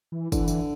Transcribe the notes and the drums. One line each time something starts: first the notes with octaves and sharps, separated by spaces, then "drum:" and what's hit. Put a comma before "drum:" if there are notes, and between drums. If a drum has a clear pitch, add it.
E3
D3 E3, drum: kick F#1, tambourine
drum: tambourine